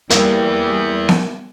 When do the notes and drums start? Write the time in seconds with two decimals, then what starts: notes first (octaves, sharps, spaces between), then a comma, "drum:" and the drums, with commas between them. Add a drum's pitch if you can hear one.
0.10 G3 A#3 B3 E4, drum: hi-hat
1.09 drum: snare B3